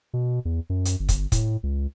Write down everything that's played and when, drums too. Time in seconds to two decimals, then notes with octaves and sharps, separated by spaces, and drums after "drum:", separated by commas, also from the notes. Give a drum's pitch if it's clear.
0.13 B2
0.45 E2
0.70 F#2
0.85 drum: hi-hat
1.00 G1
1.09 drum: kick, hi-hat
1.32 A2, drum: kick, hi-hat
1.63 C#2